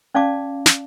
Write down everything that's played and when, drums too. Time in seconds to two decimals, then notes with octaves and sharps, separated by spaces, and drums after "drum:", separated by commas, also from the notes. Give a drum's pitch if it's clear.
0.14 C#4 D5 F5 A5 D6
0.66 drum: snare